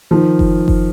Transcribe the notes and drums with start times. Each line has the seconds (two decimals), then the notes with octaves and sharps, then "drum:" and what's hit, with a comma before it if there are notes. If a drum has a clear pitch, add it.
0.11 D#3 F3
0.39 drum: kick F#1
0.68 drum: kick F#1